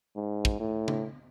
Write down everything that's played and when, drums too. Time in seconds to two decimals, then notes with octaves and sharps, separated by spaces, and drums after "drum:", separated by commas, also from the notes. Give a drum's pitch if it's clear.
0.16 G#2
0.45 drum: kick
0.60 A2
0.88 drum: tom C#3